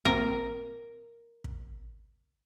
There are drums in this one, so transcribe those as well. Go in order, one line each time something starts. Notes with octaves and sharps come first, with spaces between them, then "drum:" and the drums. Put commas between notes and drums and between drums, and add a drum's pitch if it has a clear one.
A#2 C4 A#4, drum: kick
drum: kick